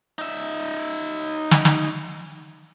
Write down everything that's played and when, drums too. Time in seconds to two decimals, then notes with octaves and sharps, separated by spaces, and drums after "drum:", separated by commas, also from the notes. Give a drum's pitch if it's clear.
0.19 D#4 E5
1.51 drum: snare
1.65 drum: snare